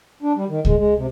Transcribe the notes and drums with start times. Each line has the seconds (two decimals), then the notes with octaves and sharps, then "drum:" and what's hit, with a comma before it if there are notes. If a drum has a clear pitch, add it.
0.23 D4
0.36 G3
0.49 D#3
0.65 G#3, drum: kick C#2
0.77 G#3
0.97 C3